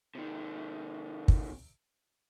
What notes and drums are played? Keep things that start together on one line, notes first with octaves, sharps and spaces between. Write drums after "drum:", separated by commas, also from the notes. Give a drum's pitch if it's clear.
C3 D#3
drum: kick